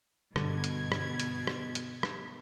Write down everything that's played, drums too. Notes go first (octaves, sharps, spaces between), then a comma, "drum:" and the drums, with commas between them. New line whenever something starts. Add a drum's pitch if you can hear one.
G2 B2 D3 G#6, drum: rim click
drum: hi-hat
drum: rim click
drum: hi-hat
drum: rim click
drum: hi-hat
drum: rim click